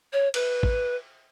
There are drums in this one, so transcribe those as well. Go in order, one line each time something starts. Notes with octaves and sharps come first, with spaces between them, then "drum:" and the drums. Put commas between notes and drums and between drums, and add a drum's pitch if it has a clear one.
C#5
B4, drum: cymbal
drum: kick A1